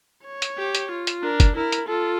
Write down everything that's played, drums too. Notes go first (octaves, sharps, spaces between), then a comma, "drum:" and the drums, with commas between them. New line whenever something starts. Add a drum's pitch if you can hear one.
C#5
drum: hi-hat
G4
drum: hi-hat
F4
drum: hi-hat
D4 A#4
drum: kick, hi-hat
E4 A#4
drum: hi-hat
F4 A4